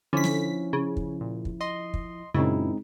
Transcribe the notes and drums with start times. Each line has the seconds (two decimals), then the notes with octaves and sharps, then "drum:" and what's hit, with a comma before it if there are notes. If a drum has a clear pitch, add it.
0.13 D3 F3 C#4 E4 B6
0.24 drum: snare
0.73 C#3
0.97 drum: kick
1.21 A#2
1.45 drum: kick
1.61 D#5 C6
1.94 drum: kick
2.34 F#2 A#2 C#3 G#3 C4 D#4 E4